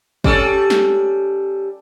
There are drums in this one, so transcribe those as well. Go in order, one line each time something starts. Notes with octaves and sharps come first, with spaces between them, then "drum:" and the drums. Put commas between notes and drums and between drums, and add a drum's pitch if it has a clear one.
G3 C#4 A4, drum: kick
drum: snare